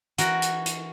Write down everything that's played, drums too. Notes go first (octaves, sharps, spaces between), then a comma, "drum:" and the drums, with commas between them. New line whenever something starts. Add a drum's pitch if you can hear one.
E3 F#4 A#4, drum: hi-hat
drum: hi-hat
drum: hi-hat